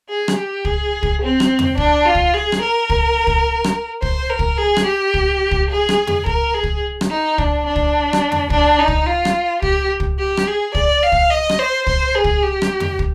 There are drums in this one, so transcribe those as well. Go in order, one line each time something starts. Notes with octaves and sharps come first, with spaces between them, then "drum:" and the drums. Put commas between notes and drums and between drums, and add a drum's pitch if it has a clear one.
G#4
drum: rim click
G4
G#4, drum: kick
drum: kick
C4
drum: rim click
drum: tom
D4, drum: kick
F4
drum: kick
G#4
drum: rim click
A#4
drum: kick
drum: kick
drum: rim click
C5, drum: kick
A#4
drum: kick
G#4
drum: rim click
G4
drum: kick
drum: kick
G#4
drum: rim click
drum: tom
A#4, drum: kick
G#4
drum: kick
drum: rim click
D#4
D4, drum: kick
D4
drum: kick
drum: rim click
drum: tom
D4, drum: kick
D#4
drum: kick
F4
drum: rim click
G4, drum: kick
drum: kick
G4
drum: rim click
G#4
D5, drum: kick
F5
drum: kick
D#5
drum: rim click
C5
C5, drum: kick
G#4
drum: kick
G4
drum: rim click
drum: tom
drum: kick